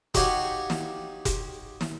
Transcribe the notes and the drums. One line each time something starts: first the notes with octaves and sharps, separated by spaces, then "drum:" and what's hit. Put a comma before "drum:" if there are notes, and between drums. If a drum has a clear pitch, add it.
D#4 F#4 G4 C#5 F5 F#5, drum: kick F1, hi-hat
drum: snare
drum: kick F1, hi-hat
drum: snare